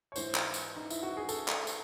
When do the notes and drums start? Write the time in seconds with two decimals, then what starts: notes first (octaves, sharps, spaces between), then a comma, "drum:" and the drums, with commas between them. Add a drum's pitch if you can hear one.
0.12 C#5
0.16 G#2 E3 C5, drum: tambourine
0.35 drum: clap
0.54 drum: tambourine
0.76 D#4
0.90 E4, drum: tambourine
1.03 F#4
1.17 G#4
1.29 A4, drum: tambourine
1.48 drum: clap
1.67 drum: tambourine